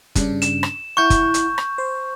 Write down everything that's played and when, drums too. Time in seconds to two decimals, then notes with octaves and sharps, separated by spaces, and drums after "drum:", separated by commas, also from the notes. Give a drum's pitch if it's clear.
0.15 G2 C#3 D4, drum: kick, hi-hat
0.42 E7, drum: hi-hat
0.63 drum: rim click
0.97 E4 F#5 C#6 G6
1.10 drum: kick, hi-hat
1.34 drum: hi-hat
1.58 drum: rim click
1.78 C5